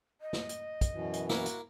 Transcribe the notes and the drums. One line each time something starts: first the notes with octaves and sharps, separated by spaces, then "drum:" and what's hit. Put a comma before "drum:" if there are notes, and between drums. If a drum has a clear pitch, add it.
D#5
drum: snare
drum: hi-hat
drum: kick, hi-hat
F#2 B2 E3
drum: hi-hat
A#3 E4 F#4, drum: snare
drum: hi-hat